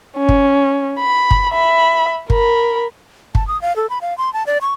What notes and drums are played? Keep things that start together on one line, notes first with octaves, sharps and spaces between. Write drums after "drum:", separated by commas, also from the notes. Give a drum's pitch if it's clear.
C#4
drum: kick
B5
drum: kick
E5 B5
A#4 B5, drum: kick
A5, drum: kick
D#6
F5
A4
B5
F5
C6
A5
D5
C#6